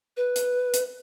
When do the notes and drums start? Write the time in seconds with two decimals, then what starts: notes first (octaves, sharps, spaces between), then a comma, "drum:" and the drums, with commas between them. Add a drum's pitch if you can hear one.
0.17 B4
0.36 drum: hi-hat
0.74 drum: hi-hat